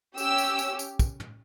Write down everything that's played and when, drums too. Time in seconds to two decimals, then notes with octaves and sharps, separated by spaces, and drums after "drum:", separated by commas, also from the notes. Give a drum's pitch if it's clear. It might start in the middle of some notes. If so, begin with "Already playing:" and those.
0.18 C#4 G4 E6, drum: tambourine
0.38 drum: tambourine
0.59 drum: tambourine
0.79 drum: tambourine
0.99 drum: kick, tambourine
1.20 drum: tom